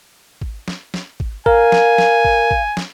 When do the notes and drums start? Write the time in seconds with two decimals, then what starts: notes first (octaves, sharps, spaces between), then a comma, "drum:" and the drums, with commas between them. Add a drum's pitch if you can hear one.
0.41 drum: kick
0.68 drum: snare
0.94 drum: snare
1.20 drum: kick
1.46 A#4 F5 G#5, drum: kick
1.72 drum: snare
1.98 drum: snare
2.25 drum: kick
2.51 drum: kick
2.77 drum: snare